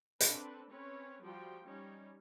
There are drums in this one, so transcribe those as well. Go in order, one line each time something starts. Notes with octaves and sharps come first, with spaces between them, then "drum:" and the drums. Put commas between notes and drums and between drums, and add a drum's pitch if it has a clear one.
C4 D4 A4 B4, drum: hi-hat
C4 C#4 B4 C#5
F3 G3 F4 F#4 G5
G3 C#4 D#4